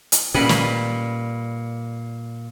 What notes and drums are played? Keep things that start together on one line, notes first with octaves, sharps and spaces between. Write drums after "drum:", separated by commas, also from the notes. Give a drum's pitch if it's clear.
drum: hi-hat
A#2 G3 C#4 B4 D#5
drum: snare